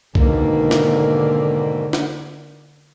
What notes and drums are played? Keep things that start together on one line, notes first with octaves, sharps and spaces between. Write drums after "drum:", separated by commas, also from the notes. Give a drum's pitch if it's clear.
G#2 B2 D3 D#3 A#3, drum: kick C2
drum: snare
drum: snare